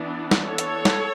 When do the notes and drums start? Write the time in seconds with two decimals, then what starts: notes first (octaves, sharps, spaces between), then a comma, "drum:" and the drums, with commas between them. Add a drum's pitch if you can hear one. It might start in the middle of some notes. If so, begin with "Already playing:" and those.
Already playing: E3 B3 D4
0.31 drum: snare
0.45 A4 C#5
0.58 drum: hi-hat
0.85 drum: snare